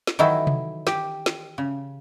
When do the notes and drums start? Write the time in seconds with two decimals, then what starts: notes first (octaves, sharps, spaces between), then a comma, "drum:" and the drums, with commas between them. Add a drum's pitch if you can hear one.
0.07 drum: snare
0.19 D#3 E3 F#3 D#4 E4 A4
0.47 drum: tom C3
0.87 G4, drum: snare
1.26 drum: snare
1.58 C#3